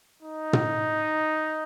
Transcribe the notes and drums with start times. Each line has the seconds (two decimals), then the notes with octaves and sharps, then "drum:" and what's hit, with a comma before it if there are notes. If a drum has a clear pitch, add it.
0.23 D#4
0.53 drum: tom